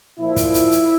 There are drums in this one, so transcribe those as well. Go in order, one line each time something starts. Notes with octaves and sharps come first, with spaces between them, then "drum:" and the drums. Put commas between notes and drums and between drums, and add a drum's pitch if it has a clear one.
A#2 F3 E4
drum: kick, hi-hat
drum: hi-hat
drum: hi-hat